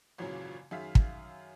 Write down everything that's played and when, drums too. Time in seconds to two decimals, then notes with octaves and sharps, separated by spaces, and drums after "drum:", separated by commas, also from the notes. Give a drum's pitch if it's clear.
0.18 G#1 F#2 A#2 C#3 E3 F#3
0.71 F#2 D#3 G#4 E5 F5 B6
0.95 drum: kick